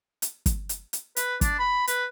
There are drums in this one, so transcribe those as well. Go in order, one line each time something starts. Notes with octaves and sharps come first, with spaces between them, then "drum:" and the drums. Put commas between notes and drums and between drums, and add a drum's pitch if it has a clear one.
drum: hi-hat
drum: kick, hi-hat
drum: hi-hat
drum: hi-hat
B4, drum: hi-hat
D4, drum: kick, hi-hat
B5
B4, drum: hi-hat